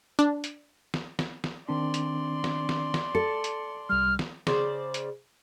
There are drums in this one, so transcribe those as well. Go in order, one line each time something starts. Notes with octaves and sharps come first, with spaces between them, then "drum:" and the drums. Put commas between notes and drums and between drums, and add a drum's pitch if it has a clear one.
D4
drum: hi-hat
drum: snare
drum: snare
drum: snare
D#3 C4 D4 D5 C6
drum: hi-hat
drum: snare
drum: snare
drum: snare
A4 C#7
drum: hi-hat
C2 G3 F6
drum: snare
C#3 C5 D5, drum: snare
drum: hi-hat